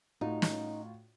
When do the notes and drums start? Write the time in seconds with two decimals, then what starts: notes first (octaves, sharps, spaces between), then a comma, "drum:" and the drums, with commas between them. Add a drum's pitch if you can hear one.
0.21 A2 D#4 F4 F#4
0.42 drum: snare